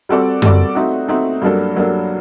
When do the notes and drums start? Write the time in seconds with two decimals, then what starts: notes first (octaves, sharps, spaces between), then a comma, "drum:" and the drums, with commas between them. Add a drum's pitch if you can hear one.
0.09 G3 C4 F#4 A4 D5
0.42 G3 C4 F#4 A4 D5, drum: tom F#2
0.75 A3 C4 D#4 F#4
1.08 A3 C4 D#4 F#4
1.42 G2 F#3 A#3 D4 A4
1.76 G2 F#3 A#3 D4 A4